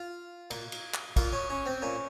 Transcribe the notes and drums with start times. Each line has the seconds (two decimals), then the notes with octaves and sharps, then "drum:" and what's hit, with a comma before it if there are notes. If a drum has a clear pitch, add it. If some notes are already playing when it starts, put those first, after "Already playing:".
Already playing: F4
0.51 A#2, drum: cymbal
0.72 drum: cymbal
0.94 drum: clap
1.16 A#2 F4, drum: kick, cymbal
1.33 C#4
1.50 C#4
1.66 C4
1.82 A#2 C#4